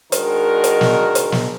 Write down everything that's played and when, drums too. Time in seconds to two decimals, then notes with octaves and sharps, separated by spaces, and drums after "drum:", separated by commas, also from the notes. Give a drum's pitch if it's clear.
0.12 D#3 G#3 D4 F#4 A#4, drum: hi-hat
0.64 drum: hi-hat
0.81 drum: snare
1.15 drum: hi-hat
1.32 drum: snare